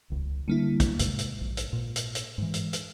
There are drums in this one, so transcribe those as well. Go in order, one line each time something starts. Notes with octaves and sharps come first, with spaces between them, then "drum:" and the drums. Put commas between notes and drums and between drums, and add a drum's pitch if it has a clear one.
D#1 C#2
D3 G3 A#3 E4
drum: kick, hi-hat
A1 D#2 G#2 C3, drum: hi-hat
drum: hi-hat
A#1
drum: hi-hat
A#2
drum: hi-hat
drum: hi-hat
G#2 E3
drum: hi-hat
drum: hi-hat